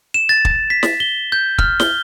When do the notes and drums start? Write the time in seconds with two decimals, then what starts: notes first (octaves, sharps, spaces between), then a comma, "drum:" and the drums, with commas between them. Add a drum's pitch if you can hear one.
0.14 E7
0.29 A6
0.45 drum: kick
0.70 B6
0.83 drum: snare
1.00 G7
1.32 G6
1.58 F6, drum: kick
1.80 G7, drum: snare